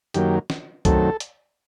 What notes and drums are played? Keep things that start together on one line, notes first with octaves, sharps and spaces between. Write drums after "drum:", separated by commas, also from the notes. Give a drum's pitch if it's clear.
F#2 D#3 F#3 A#3 G4, drum: hi-hat
drum: snare
F#2 D#3 F#3 A3 C4 A4, drum: kick C2, hi-hat
drum: hi-hat